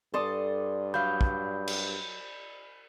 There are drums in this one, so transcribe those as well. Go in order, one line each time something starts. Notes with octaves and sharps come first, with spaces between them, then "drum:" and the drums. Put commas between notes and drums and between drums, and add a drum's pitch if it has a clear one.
G2 A4 D5 C6 D#6
F#3 F5 B5 G6
drum: kick
drum: cymbal